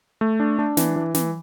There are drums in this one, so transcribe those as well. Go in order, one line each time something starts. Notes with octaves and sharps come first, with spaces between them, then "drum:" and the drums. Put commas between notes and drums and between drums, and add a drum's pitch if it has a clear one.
A3
D4
D4
E3, drum: snare
E3
E3, drum: snare